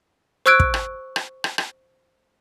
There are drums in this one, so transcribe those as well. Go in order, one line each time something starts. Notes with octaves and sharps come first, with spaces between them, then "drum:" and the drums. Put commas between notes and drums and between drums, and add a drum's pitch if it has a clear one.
C5 C#6 E6 F#6 G#6 D7
drum: kick
drum: rim click
drum: rim click
drum: rim click
drum: rim click